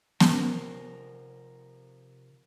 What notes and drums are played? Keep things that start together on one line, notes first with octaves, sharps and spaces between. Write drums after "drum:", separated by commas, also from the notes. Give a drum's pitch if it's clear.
C3 F3 A#4 C5, drum: snare B3